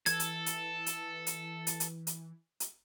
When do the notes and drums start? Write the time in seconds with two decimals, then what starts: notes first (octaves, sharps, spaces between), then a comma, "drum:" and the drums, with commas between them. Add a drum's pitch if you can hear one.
0.06 E3 A4 G#6, drum: hi-hat
0.20 drum: hi-hat
0.46 drum: hi-hat
0.86 drum: hi-hat
1.27 drum: hi-hat
1.67 drum: hi-hat
1.80 drum: hi-hat
2.07 drum: hi-hat
2.60 drum: hi-hat